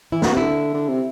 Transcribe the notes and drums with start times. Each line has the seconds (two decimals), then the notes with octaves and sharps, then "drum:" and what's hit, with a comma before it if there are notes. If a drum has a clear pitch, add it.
0.12 E3 E4
0.22 D3 F#4, drum: snare
0.31 C3
0.37 D3 E4
0.74 D3
0.88 C3